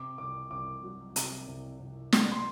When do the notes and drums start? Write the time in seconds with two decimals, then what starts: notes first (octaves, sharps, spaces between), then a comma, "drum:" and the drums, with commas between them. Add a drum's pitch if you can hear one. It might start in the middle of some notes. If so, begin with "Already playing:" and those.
Already playing: C3 D6
0.18 C2 D6
0.51 C2 D6
0.84 F#3
1.16 C3, drum: hi-hat
1.47 C2
1.80 C2
2.12 F#3, drum: snare
2.32 C6